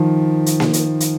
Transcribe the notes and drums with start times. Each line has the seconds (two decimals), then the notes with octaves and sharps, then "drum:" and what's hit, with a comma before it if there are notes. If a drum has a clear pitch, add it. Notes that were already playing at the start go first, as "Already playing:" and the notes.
Already playing: D#3 F3
0.46 drum: hi-hat
0.60 drum: snare A#3
0.73 drum: hi-hat
1.00 drum: hi-hat